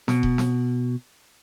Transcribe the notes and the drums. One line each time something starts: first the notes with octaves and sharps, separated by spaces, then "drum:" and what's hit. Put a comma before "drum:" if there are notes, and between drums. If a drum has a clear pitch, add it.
B2, drum: snare
drum: kick D#1
drum: snare